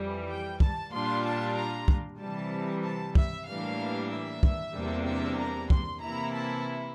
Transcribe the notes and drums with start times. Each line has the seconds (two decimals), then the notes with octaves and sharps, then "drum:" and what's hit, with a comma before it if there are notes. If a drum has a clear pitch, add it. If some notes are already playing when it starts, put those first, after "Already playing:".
Already playing: F2 E3 G3
0.29 G5
0.60 A5, drum: kick
0.92 A#2 G3 D4 F4 C6
1.24 A5
1.56 A#5
1.88 drum: kick
2.19 C3 E3 G3 A5
2.83 A5
3.15 E5, drum: kick
3.47 A2 E3 G3 A#3 D4 F5
4.11 E5
4.43 drum: kick
4.74 E2 C3 G3 A#3 D4
5.06 E5
5.38 A#5
5.70 C6, drum: kick
6.02 C3 E3 A#3 E4 A#5
6.34 A5